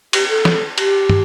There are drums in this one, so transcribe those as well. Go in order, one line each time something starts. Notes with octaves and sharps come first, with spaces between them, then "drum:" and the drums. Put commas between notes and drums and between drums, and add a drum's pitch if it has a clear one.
G4, drum: cymbal
A4
drum: snare
G4, drum: cymbal
drum: tom